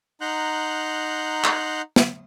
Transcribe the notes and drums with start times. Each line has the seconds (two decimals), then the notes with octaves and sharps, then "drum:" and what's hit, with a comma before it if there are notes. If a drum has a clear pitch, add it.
0.21 D#4 F#5 A#5 C6 F#6 G6
1.44 drum: clap
1.96 drum: snare